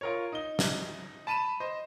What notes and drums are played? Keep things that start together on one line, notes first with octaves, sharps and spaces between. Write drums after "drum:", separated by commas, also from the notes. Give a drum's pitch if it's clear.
F4 A#4 C#5
D#4 G7
drum: snare
A5 B5 D#7 E7
C5 D#5